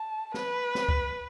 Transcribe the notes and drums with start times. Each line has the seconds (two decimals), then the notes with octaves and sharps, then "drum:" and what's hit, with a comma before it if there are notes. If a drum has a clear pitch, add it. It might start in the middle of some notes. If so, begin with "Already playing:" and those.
Already playing: A5
0.34 B4, drum: snare
0.75 drum: snare
0.89 drum: kick C#2